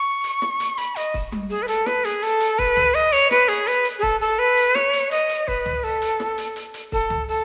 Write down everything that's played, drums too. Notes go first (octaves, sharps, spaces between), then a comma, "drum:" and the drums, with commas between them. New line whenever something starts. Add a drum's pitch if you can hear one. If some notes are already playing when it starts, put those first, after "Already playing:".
Already playing: C#6
drum: hi-hat
drum: snare
drum: hi-hat
B5, drum: hi-hat
D#5, drum: hi-hat
drum: kick, open hi-hat
drum: tom G3
G#4, drum: open hi-hat
B4
A4, drum: hi-hat
B4, drum: snare
G#4, drum: hi-hat
A4, drum: hi-hat
drum: hi-hat
B4, drum: kick, open hi-hat
drum: tom
D#5, drum: open hi-hat
C#5, drum: hi-hat
B4, drum: snare
G#4, drum: hi-hat
B4, drum: hi-hat
drum: hi-hat
G#4
A4, drum: kick, open hi-hat
A4
B4
drum: hi-hat
C#5, drum: snare
drum: hi-hat
D#5, drum: hi-hat
drum: hi-hat
B4, drum: kick, open hi-hat
drum: tom
A4, drum: open hi-hat
drum: hi-hat
drum: snare
drum: hi-hat
drum: hi-hat
drum: hi-hat
A4, drum: kick, open hi-hat
drum: tom
A4, drum: open hi-hat